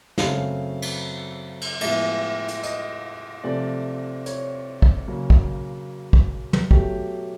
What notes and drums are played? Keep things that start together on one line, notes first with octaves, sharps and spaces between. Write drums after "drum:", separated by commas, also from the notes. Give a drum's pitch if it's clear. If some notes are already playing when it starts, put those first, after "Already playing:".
F#2 C#3 F#3 A3 C4 F5, drum: snare
drum: cymbal
drum: cymbal
A2 F3 G#3 B3 E5, drum: cymbal
drum: hi-hat
D#5, drum: hi-hat
C3 F3 A3 C4 D5
C#5, drum: hi-hat
drum: kick
C#3 F#3 A#3
drum: kick
drum: kick
drum: tom
B2 F#3 A3 G4, drum: kick